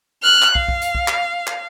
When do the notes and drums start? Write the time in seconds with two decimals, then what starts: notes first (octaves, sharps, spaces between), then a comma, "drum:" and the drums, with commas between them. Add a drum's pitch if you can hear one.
0.23 F6 F#6
0.42 drum: clap
0.55 F5, drum: kick
0.68 drum: kick
0.82 drum: hi-hat
0.95 drum: kick
1.08 drum: clap
1.47 drum: clap